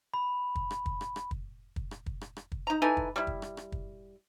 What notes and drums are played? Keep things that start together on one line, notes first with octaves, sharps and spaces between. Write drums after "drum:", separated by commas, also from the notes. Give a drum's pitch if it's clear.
B5
drum: kick
drum: rim click
drum: kick
drum: rim click
drum: rim click
drum: kick
drum: kick
drum: rim click
drum: kick
drum: rim click
drum: rim click
drum: kick
D#4 A#5
E3 D#4 A4 G#5
drum: kick
G3 E4
drum: kick
drum: rim click
drum: rim click
drum: kick